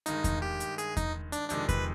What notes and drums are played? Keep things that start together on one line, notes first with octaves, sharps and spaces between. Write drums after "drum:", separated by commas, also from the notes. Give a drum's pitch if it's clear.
G2 D#3 G#3 D#4, drum: hi-hat
drum: kick E2, hi-hat
G4
drum: hi-hat
G#4, drum: hi-hat
D#4, drum: kick E2, hi-hat
D4, drum: hi-hat
F2 C3 D#3 G#3 D4, drum: hi-hat
B4, drum: kick E2, hi-hat